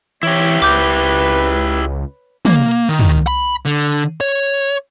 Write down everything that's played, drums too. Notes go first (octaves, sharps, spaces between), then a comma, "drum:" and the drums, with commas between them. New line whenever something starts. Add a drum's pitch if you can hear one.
E3 E4 G4 C#5
C#2 B4 D6 G6
A#3, drum: tom
D#3
drum: tom
B5
D3
C#5